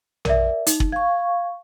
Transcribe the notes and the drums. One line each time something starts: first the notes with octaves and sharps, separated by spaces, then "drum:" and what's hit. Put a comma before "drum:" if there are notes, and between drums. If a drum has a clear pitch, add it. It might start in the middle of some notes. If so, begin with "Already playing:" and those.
A#4 D5 E5, drum: tom A#1
D#4, drum: hi-hat
drum: kick
F5 C#6 G#6